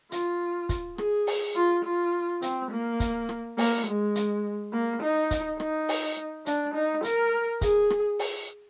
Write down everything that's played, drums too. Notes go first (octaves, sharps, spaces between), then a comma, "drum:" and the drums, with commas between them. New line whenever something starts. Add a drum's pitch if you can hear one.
F4, drum: hi-hat
drum: kick, hi-hat
G#4, drum: rim click
drum: open hi-hat
F4
F4
C4, drum: hi-hat
A#3
drum: kick, hi-hat
drum: rim click
A#3, drum: open hi-hat
G#3
drum: hi-hat
A#3
D#4
drum: kick, hi-hat
D#4, drum: rim click
drum: open hi-hat
D4, drum: hi-hat
D#4
A#4, drum: hi-hat
G#4, drum: kick, hi-hat
drum: rim click
drum: open hi-hat